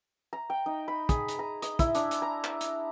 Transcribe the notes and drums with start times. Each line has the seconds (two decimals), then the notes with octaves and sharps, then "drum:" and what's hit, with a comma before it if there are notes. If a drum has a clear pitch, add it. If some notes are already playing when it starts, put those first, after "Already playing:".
0.33 A#5
0.50 G5
0.66 D#4
0.88 B5
1.09 G#4, drum: kick, hi-hat
1.28 drum: hi-hat
1.39 A#5
1.62 D#5, drum: hi-hat
1.79 E4, drum: kick, hi-hat
1.95 D4, drum: hi-hat
2.11 drum: hi-hat
2.22 A#5
2.44 drum: clap
2.61 drum: hi-hat